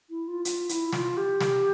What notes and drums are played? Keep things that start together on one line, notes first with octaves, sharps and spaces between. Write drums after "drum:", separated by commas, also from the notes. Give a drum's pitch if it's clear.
E4
F4
F4, drum: hi-hat
E4, drum: hi-hat
F4, drum: snare
G4
drum: snare